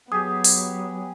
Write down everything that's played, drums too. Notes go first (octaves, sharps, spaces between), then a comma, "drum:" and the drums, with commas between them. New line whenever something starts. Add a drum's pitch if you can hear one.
F#3 B3 G4 G#4 D#6
drum: open hi-hat